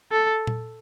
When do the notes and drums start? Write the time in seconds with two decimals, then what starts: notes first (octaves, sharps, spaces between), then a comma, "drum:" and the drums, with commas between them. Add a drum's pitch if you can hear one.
0.12 A4
0.47 drum: tom A#2